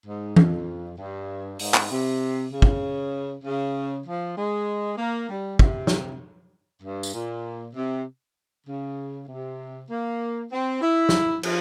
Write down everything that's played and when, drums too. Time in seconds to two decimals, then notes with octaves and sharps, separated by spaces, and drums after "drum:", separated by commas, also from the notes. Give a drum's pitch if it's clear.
0.06 G#2
0.36 F2, drum: tom E3
0.98 G2
1.59 G#2, drum: open hi-hat
1.74 drum: clap
1.91 C3
2.52 C#3
2.62 drum: kick
3.44 C#3
4.06 F3
4.36 G#3
4.98 A#3
5.29 G3
5.59 C3, drum: kick
5.87 drum: snare
6.82 G2
7.03 drum: tambourine
7.13 A#2
7.75 C3
8.67 C#3
9.29 C3
9.90 A#3
10.52 C4
10.81 E4
11.09 drum: snare
11.43 F3, drum: cymbal